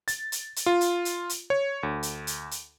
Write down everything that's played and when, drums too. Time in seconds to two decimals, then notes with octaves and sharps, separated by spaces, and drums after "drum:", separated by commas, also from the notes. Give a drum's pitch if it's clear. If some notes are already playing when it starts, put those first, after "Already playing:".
0.08 A6, drum: hi-hat
0.32 drum: hi-hat
0.56 drum: hi-hat
0.66 F4
0.81 drum: hi-hat
1.05 drum: hi-hat
1.30 drum: hi-hat
1.50 C#5
1.83 D2
2.03 drum: hi-hat
2.27 drum: hi-hat
2.51 drum: hi-hat